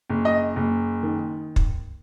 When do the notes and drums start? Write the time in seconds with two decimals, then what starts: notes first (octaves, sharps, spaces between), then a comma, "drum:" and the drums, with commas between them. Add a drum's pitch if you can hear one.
0.10 F#1
0.25 D#5
0.56 F#1
1.03 D#3
1.56 drum: kick